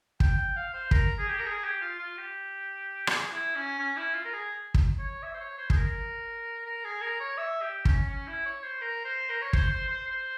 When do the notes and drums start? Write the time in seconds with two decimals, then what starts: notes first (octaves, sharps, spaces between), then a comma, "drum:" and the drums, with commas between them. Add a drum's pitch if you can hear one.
0.20 G5, drum: kick
0.38 G5
0.56 F5
0.73 C5
0.91 A#4, drum: kick
1.18 G#4
1.28 G4
1.39 A#4
1.46 G#4
1.64 G4
1.81 F4
1.99 F4
2.17 G4
3.07 G#4, drum: rim click
3.31 E4
3.55 C#4
3.79 C#4
3.97 E4
4.14 F4
4.25 A#4
4.33 G#4
4.74 drum: kick
4.99 C#5
5.23 E5
5.34 C5
5.40 C#5
5.58 C5
5.70 G#4, drum: kick
5.76 A#4
6.66 A#4
6.84 G#4
7.02 A#4
7.20 C#5
7.37 E5
7.62 G4
7.85 C#4, drum: kick
8.09 C#4
8.27 E4
8.46 C#5
8.63 C5
8.81 A#4
9.04 C5
9.29 A#4
9.42 C#5
9.53 C5, drum: kick
9.71 C5
9.89 C5
10.07 C5